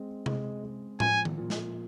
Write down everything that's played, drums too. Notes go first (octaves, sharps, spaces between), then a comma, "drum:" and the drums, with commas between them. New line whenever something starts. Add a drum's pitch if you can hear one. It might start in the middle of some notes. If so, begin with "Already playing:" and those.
Already playing: G#3 C4
G#3, drum: tom C3
G#3
F3 G#5, drum: tom A2
drum: tom D#3
A#2
drum: snare